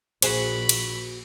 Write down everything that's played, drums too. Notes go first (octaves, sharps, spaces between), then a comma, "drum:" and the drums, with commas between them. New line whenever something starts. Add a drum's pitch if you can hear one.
A#1 F#4 G#4 C5 B5, drum: cymbal
drum: cymbal